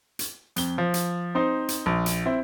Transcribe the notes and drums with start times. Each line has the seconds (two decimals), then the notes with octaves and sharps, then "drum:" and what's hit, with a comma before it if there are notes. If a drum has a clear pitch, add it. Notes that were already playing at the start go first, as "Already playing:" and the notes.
0.19 drum: hi-hat
0.56 F2 G7, drum: hi-hat
0.78 F3
0.94 drum: hi-hat
1.35 C4 D#4 C5
1.68 drum: hi-hat
1.86 A#1
2.06 drum: hi-hat
2.26 C4 E4